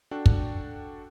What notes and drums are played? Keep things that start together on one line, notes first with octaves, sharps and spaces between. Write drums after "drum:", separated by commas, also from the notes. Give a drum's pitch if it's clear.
D4 F#4 A4 G5
drum: kick